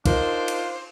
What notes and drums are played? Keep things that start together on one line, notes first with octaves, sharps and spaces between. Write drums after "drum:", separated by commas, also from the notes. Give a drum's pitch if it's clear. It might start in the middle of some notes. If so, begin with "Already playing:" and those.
D4 D#4 F4 A#4 C5, drum: kick, cymbal
drum: cymbal